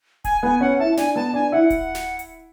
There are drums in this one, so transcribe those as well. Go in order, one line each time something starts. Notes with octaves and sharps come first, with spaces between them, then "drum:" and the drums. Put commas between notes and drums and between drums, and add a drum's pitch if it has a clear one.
G#5, drum: kick D1, hi-hat
B3 G#5
C#4 F#5
E4 A5
D4 G#5, drum: snare
B3 A5
D4 G#5
E4 F#5
drum: kick D1, hi-hat
drum: snare
drum: hi-hat